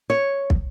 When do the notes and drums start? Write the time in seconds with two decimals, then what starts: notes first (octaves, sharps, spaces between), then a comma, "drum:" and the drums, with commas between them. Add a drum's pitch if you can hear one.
0.10 C#5
0.50 drum: kick